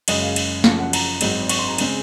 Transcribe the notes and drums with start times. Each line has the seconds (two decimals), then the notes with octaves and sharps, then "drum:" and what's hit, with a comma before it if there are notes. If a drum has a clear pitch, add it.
0.08 F#1 F#2 C#3 G#3 D#5, drum: cymbal
0.22 F5
0.36 drum: cymbal
0.64 F#1 F#2 F3 F5, drum: snare
0.79 F#5
0.93 A#5, drum: cymbal
1.21 G#1 G#2 F#3 C4 D#4, drum: cymbal
1.49 C#6, drum: cymbal
1.59 C6
1.68 A#5
1.78 C#3 G#3 C4 G#5, drum: cymbal